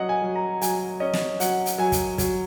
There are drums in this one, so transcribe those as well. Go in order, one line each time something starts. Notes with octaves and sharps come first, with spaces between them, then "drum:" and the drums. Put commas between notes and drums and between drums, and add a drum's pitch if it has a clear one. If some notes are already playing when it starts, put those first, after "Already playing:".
Already playing: F#3 C#4 D#5 F#5
G#5
F#3
A#5
F#3 G#5, drum: hi-hat
C#4 D#5
drum: snare
F#3 F#5, drum: hi-hat
drum: hi-hat
F#3 G#5
drum: kick, hi-hat
F#3, drum: kick, hi-hat